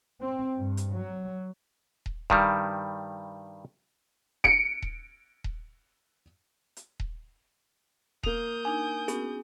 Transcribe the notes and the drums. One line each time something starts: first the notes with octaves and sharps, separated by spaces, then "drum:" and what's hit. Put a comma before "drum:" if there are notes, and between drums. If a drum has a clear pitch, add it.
C4
G2
drum: hi-hat
F#3
drum: kick D#1
G2 D#3 G3, drum: kick D#1
C#7 D7, drum: kick D#1
drum: kick D#1
drum: kick D#1
drum: hi-hat
drum: kick D#1
A#3 D#6 G6 F7, drum: kick D#1
D4 D#4 G#5
B3 C#4 F#4 G#4, drum: hi-hat